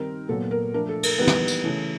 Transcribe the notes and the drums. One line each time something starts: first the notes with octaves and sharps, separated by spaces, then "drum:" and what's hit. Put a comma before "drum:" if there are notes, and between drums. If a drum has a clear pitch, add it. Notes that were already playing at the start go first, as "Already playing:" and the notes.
Already playing: D#3 G3 C4 D#4 A#4
A#2 F#3 B3 A4
A#4
F3 A3 D4 A#4
A4
A#4, drum: cymbal
E3 G3 A#3 B3 D#4 B4
drum: snare
drum: tambourine
C#3 E3 A3